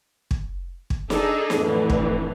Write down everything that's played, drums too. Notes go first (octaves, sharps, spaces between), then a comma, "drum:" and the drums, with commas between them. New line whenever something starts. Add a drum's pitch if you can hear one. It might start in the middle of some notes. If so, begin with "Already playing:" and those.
drum: kick
drum: kick
D4 D#4 G#4 A4, drum: snare
drum: snare
F2 A2 D3 E3
drum: kick